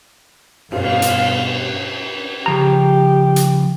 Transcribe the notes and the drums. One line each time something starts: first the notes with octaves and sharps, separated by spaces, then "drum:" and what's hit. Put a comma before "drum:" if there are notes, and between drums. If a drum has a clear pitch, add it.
G2 B2 F5, drum: cymbal
drum: hi-hat
C#3 F3 G4 A#5
drum: hi-hat